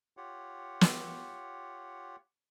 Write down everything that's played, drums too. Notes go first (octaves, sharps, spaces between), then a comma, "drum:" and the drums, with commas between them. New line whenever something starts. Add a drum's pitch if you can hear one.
F4 G4 C#5 F#5
drum: snare